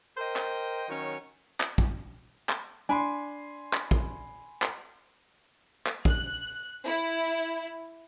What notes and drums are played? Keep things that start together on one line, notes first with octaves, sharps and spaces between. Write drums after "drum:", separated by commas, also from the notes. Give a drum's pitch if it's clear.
A#4 C5 D#5 G5
drum: clap
D#3 F#3 C#4 C#5
drum: clap
drum: kick
drum: clap
D4 G#5 B5 C6
drum: clap
drum: kick
drum: clap
drum: clap
F#6, drum: kick
E4